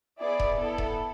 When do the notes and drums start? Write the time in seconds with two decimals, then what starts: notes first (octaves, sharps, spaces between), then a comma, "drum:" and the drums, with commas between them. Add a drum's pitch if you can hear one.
0.20 B3 E4 G#4 D5
0.40 drum: kick E1
0.59 B3 E4 A4
0.78 drum: kick E1